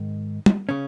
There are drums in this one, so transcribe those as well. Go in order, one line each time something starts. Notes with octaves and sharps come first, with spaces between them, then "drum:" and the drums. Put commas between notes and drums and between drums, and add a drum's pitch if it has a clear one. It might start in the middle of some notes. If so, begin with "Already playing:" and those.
Already playing: G#2 D#3
drum: tom
C#3 C#4